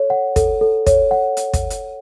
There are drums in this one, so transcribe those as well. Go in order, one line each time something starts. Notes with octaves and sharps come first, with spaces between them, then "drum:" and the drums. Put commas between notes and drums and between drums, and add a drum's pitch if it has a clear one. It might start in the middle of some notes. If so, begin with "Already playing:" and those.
Already playing: A4 C#5
F#5
A4, drum: kick, hi-hat
A4
C#5, drum: kick, hi-hat
F#5
drum: hi-hat
drum: kick, hi-hat
drum: hi-hat